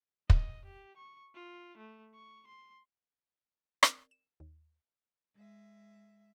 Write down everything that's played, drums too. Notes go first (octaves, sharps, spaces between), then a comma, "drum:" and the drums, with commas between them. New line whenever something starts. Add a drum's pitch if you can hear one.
D#5, drum: kick
G4
C#6
F4
A3
C#6
C6
C4 A#4 D5, drum: rim click
E7
D#2
G#3 E5